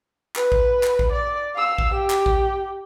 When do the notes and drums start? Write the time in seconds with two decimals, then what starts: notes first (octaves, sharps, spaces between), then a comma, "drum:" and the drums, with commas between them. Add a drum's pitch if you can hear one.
0.36 B4, drum: clap
0.52 drum: kick A1
0.83 drum: clap
0.99 drum: kick A1
1.12 D5
1.55 F5 E6
1.78 drum: kick A1
1.94 G4
2.10 drum: clap
2.26 drum: kick A1